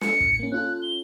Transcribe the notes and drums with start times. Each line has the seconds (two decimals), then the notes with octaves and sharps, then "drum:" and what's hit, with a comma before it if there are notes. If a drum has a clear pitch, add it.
0.01 C#7, drum: snare
0.21 A2, drum: kick
0.40 A#3 C#4
0.52 C#4 F4 A4 F#6
0.82 G7